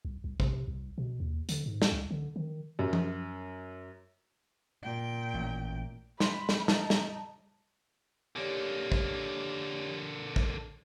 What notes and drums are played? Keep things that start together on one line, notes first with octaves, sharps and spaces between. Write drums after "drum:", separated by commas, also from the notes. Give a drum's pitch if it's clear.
C2
C2
C3, drum: kick
C2
B2
D#2
D3, drum: hi-hat
G#2
drum: snare
C#2
D3
D#3
F#2
drum: tom
A#2 G5
A1
B5 C6, drum: snare
drum: snare
D#4 A5, drum: snare
drum: snare
D3 A#3 G4 C#5 D5
drum: kick
drum: kick